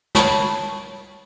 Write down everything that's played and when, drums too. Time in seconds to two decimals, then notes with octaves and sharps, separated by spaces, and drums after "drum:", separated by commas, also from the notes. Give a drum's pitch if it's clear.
0.15 C#5 A5 B5 C#6, drum: snare